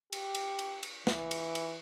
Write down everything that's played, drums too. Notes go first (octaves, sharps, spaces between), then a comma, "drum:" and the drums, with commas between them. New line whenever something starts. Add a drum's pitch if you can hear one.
G4, drum: cymbal
drum: cymbal
drum: cymbal
drum: cymbal
E3, drum: snare
drum: cymbal
drum: cymbal